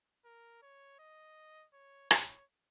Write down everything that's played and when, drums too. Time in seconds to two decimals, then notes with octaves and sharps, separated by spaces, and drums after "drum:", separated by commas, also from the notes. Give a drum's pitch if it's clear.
0.25 A#4
0.62 C#5
0.99 D#5
1.74 C#5
2.11 C#5, drum: rim click